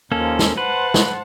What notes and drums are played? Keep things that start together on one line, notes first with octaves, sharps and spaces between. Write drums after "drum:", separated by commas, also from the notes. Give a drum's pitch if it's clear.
D#2 F3 A#3 C#4 A4
drum: snare
B4 C5 F#5 A5
drum: snare